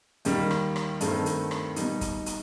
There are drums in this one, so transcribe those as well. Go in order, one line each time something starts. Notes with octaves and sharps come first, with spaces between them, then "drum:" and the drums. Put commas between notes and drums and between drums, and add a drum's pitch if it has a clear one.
D#2 D#3 G3, drum: hi-hat
drum: rim click
drum: rim click
G2 D#3 A3 C4, drum: hi-hat
drum: hi-hat
drum: rim click
B2 G3 D#4, drum: hi-hat
drum: kick, hi-hat
drum: hi-hat